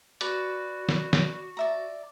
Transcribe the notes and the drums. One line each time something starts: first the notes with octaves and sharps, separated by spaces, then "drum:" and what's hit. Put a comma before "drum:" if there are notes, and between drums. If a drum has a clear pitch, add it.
F#4 B4 D5, drum: hi-hat
drum: snare
drum: snare
D5 E5 A#5